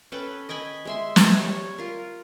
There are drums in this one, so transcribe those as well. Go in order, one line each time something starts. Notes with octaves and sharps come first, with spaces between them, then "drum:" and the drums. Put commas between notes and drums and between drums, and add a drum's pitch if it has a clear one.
C#4 A4 B4 G5
D#5 G5 G#5 B5
G#3 E5 C6
drum: snare
G3 C#5
F4 A#4